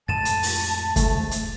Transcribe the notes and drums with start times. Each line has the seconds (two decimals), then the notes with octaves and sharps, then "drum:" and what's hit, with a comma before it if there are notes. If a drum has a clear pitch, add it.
0.08 F2 A2 G#3 A5 A6 D#7 E7
0.25 drum: hi-hat
0.43 drum: open hi-hat
0.96 E2 G#2 A3, drum: kick, hi-hat
1.31 drum: hi-hat